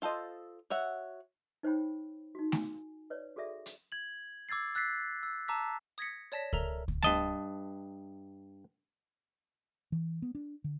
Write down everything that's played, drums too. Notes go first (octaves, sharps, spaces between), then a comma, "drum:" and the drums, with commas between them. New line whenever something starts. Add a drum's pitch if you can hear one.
F4 A4 C5 D#5
F#4 C#5 E5 F#5
D#4 C5 C#5 G5 B5
D#4 F#4
G#5, drum: snare A3
B4 C#5 D5
F#4 G#4 A4 D5 E5
drum: hi-hat
G#6 F#7
D6 E6 G#6 A6 C7
E6 F#6 A6 B6 C7
E6
A5 A#5 D6 E6 B6
D#6 G#6 A#6 B6 C#7
C#5 D5 A5 A#6 B6
A4 A#4 E5 A#5 F7, drum: kick C#2
drum: kick C#2
G2 D#5 A5, drum: snare A3
E3
B3
D4
D3